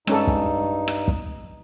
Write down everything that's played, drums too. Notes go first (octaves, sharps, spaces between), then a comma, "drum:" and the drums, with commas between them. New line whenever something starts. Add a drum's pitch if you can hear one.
G2 G#3 C#4 D#4 A4, drum: rim click
drum: kick
drum: rim click
drum: kick